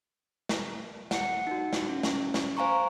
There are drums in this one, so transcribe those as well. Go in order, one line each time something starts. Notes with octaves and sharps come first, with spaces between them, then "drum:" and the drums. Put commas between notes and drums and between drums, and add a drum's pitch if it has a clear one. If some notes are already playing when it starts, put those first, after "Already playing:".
drum: snare
F#5 C#7, drum: snare
D#4 F#4
drum: snare
C#4
drum: snare
drum: snare
C5 F5 G#5 A#5 C#6